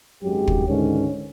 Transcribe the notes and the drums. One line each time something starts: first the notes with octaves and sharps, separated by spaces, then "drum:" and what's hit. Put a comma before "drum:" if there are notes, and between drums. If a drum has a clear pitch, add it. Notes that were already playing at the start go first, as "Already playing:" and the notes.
G#1 F#2 F#3 G#3 G4
drum: kick
C#2 G#2 D3 D#3 G#3 C#4